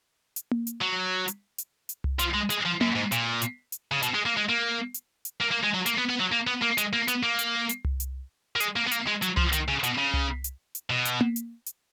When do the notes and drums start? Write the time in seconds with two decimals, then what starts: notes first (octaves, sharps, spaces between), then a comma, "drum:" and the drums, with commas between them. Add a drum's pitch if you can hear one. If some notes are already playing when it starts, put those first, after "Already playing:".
0.36 drum: hi-hat
0.51 drum: tom A#3
0.67 drum: hi-hat
0.82 F#3
1.28 drum: hi-hat
1.58 drum: hi-hat
1.89 drum: hi-hat
2.04 drum: tom C2
2.19 F3, drum: hi-hat
2.34 G#3
2.50 G#3, drum: hi-hat
2.65 F3
2.81 F#2, drum: tom A#3
2.95 G#2
3.12 A#2, drum: hi-hat
3.42 drum: hi-hat
3.72 drum: hi-hat
3.92 C#3
4.03 B2, drum: hi-hat
4.15 G#3
4.26 A#3
4.37 G#3
4.49 A#3
4.94 drum: hi-hat
5.25 drum: hi-hat
5.41 A#3
5.51 A#3
5.63 G#3
5.74 F#3
5.86 A#3, drum: hi-hat
5.98 B3
6.09 B3
6.20 F#3
6.32 A#3
6.47 B3
6.62 A#3
6.78 G#3, drum: hi-hat
6.93 A#3
7.08 B3, drum: hi-hat
7.23 A#3
7.39 drum: hi-hat
7.69 drum: hi-hat
7.85 drum: tom C2
8.00 drum: hi-hat
8.56 A#3
8.60 G#3, drum: hi-hat
8.76 A#3
8.87 B3
8.91 A#3, drum: hi-hat
9.07 G#3
9.22 F#3, drum: hi-hat
9.37 F3, drum: tom C2
9.53 D#3, drum: hi-hat
9.68 C#3
9.84 B2, drum: hi-hat
9.98 C#3
10.14 drum: tom C2
10.44 drum: hi-hat
10.75 drum: hi-hat
10.90 B2
11.05 drum: hi-hat
11.21 drum: tom A#3
11.36 drum: hi-hat
11.66 drum: hi-hat